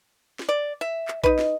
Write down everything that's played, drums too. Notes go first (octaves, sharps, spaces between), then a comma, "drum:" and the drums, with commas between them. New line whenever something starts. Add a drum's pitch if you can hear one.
drum: snare
D5
E5
drum: clap
D#4 B4 D#5, drum: kick A#1
drum: snare